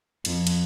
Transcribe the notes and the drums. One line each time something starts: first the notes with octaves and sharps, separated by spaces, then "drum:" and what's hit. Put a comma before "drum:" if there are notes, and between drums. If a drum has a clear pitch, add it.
F2, drum: cymbal
drum: cymbal